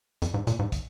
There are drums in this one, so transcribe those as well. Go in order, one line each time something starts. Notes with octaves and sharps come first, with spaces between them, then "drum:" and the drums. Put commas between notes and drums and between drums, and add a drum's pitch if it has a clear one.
F2, drum: hi-hat
G#2
A#2, drum: hi-hat
G#2
drum: kick, hi-hat